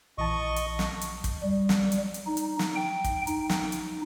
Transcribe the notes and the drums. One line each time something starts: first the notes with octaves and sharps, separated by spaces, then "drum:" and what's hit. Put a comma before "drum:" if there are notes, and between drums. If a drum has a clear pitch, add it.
A#1 E3 D#5 A5 C#6
drum: hi-hat
drum: snare
drum: hi-hat
drum: kick, hi-hat
G3
drum: snare
drum: hi-hat
drum: hi-hat
D#4
drum: hi-hat
drum: snare
G5
drum: kick, hi-hat
D#4, drum: hi-hat
drum: snare
drum: hi-hat